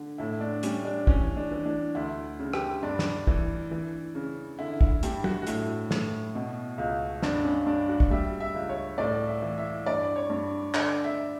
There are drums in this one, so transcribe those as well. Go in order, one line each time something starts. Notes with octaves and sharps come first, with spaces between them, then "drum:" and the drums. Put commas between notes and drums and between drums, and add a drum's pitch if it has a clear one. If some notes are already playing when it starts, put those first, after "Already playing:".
Already playing: D3
A2 E4
D4
G3 C#4, drum: hi-hat
D4
E3 C#4, drum: kick
D4
E3
D4
D2 E4
C#3
G4, drum: rim click
G2 D4
drum: snare
E3, drum: kick
E3
C#3
D3 E4
E4, drum: kick
G2 G4, drum: hi-hat
F#4, drum: tom
F#4
A2 E4, drum: hi-hat
A2, drum: snare
B2
C#2
G2 D4, drum: snare
C#4
G2 D4
F#4
drum: kick
G3 E5
E5
C#2
C#5
A2 D5
E5
E3
E5
G2 D5
C#5
G2
D3 D5, drum: clap
E5